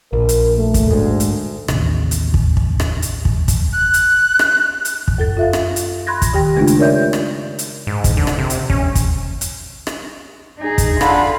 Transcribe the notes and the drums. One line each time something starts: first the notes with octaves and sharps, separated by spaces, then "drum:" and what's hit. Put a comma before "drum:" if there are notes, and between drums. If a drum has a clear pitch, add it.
A#1 A#4
drum: hi-hat
A3
drum: kick, hi-hat
D2 G#2
drum: hi-hat
A1 D#2 C3, drum: rim click
drum: hi-hat
drum: kick
drum: kick
drum: rim click
drum: hi-hat
drum: kick
drum: kick, hi-hat
F#6
drum: hi-hat
drum: rim click
drum: hi-hat
drum: kick
F#2 A4 A6
F4 E5 F5
drum: rim click
drum: hi-hat
B5 C6 F#6 G#6 A#6
drum: kick, hi-hat
D#3 G4 G5 A#6
C#3 G#3 A3 D4 D#4 F4
drum: hi-hat
A#4 C#5 D5 E5 G6
drum: rim click
drum: hi-hat
G#2
drum: kick, hi-hat
D3
drum: rim click
C3
drum: hi-hat
C#4, drum: kick
drum: kick, hi-hat
drum: hi-hat
drum: rim click
D#4 G#4
drum: kick, hi-hat
D3 F4 F5 B5, drum: rim click